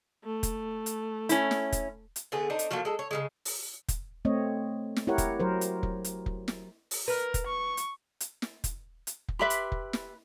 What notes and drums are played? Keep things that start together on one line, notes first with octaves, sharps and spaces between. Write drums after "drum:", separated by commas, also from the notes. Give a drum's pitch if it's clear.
A3
drum: kick F1, hi-hat
drum: hi-hat
C#4 E4, drum: hi-hat
drum: snare
drum: kick F1, hi-hat
drum: hi-hat
D3 A3 B3 G#4
C4 D4 D#4
drum: hi-hat
F3 F#3 A3 A#3
G#3 A4
C#5
C#3 E3 G#3
drum: open hi-hat
drum: kick F1, hi-hat
A3 C4 C#5 D#5
drum: snare
E4 G4 A#4 C#5 F#5
drum: kick F1, hi-hat
F#3 A#4 C5
drum: hi-hat
drum: kick F1
drum: hi-hat
drum: kick F1
drum: snare
drum: open hi-hat
A#4 B4
drum: kick F1, hi-hat
C#6
drum: hi-hat
drum: hi-hat
drum: snare
drum: kick F1, hi-hat
drum: hi-hat
drum: kick F1
G4 B4 E5 B5 C6
drum: hi-hat
drum: kick F1
drum: snare